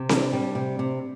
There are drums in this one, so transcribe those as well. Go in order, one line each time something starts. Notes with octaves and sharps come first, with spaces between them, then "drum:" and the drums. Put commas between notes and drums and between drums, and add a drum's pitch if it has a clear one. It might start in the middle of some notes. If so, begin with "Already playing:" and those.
Already playing: C3
D4, drum: snare C4
G3
C3
C3